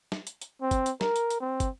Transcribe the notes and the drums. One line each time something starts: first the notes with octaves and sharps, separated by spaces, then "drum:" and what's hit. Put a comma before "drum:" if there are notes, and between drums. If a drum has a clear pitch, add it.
drum: snare
drum: hi-hat
drum: hi-hat
C4
drum: kick, hi-hat
drum: hi-hat
A#4, drum: snare
drum: hi-hat
drum: hi-hat
C4
drum: kick, hi-hat